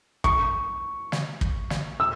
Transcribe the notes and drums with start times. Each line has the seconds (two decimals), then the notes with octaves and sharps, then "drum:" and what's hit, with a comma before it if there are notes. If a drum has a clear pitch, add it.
0.24 C#6, drum: kick
1.12 drum: snare
1.41 drum: kick
1.70 drum: snare
2.00 E6